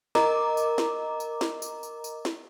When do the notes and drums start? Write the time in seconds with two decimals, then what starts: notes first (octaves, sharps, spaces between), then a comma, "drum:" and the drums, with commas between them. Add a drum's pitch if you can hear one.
0.15 A#4 D#5 A#5 D6, drum: snare
0.57 drum: tambourine
0.78 drum: snare
1.20 drum: tambourine
1.41 drum: snare
1.62 drum: tambourine
1.83 drum: tambourine
2.04 drum: tambourine
2.25 drum: snare